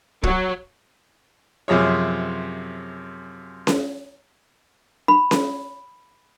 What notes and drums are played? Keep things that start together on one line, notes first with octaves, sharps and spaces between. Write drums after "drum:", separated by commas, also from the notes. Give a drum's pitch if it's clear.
F#3, drum: kick
F#2 C3 F3 G#4 C#5
drum: snare C#4
B5
drum: snare C#4